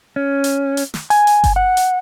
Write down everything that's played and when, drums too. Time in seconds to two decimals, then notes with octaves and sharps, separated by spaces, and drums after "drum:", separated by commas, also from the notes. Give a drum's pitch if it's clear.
0.16 C#4
0.44 drum: hi-hat
0.77 drum: hi-hat
0.94 drum: snare
1.10 G#5, drum: hi-hat
1.27 drum: hi-hat
1.44 drum: kick G1, hi-hat
1.56 F#5
1.77 drum: hi-hat